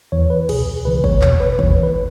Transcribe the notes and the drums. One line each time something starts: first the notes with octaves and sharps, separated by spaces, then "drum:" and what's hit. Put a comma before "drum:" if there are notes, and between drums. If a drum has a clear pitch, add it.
E2 E3 C#5
B4
C#2 B2 G#4, drum: cymbal
C#2 C#3 E3 B4
C#5, drum: kick
E2 B2 C#5, drum: clap
B4
E2 E3 C#5, drum: kick
B4
B4